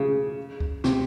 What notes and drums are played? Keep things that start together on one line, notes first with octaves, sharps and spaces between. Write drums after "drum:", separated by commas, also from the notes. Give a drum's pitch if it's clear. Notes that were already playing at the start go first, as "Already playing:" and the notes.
Already playing: C#3
drum: kick C#2
C3, drum: snare